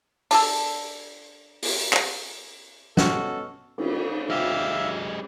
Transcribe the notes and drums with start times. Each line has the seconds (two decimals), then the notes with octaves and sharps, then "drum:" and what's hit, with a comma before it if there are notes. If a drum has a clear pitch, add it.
0.31 D4 G#4 A4, drum: open hi-hat
1.63 drum: open hi-hat
1.93 drum: clap
2.97 B3 C#4 F#4 A4 D#5 C#6 F6, drum: snare
3.78 drum: cymbal
4.30 G#3 G4 E5 F5